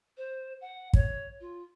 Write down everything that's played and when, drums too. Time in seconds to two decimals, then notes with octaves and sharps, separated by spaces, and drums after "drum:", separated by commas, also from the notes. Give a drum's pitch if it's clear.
0.17 C5
0.60 F#5
0.93 C#5, drum: kick
1.40 F4